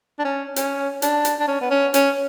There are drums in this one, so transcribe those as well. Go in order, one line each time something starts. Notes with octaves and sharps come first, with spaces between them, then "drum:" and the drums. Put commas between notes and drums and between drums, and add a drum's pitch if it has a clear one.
D4
C#4
C#4, drum: hi-hat
D4, drum: hi-hat
drum: hi-hat
D4
C#4
B3
C#4
C#4, drum: hi-hat